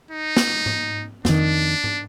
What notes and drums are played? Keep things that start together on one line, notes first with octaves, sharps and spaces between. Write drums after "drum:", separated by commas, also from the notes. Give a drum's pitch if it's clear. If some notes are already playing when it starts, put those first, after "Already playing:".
D#4
drum: snare
drum: tom G#2
F2 D#3 D4, drum: snare
drum: tom G#2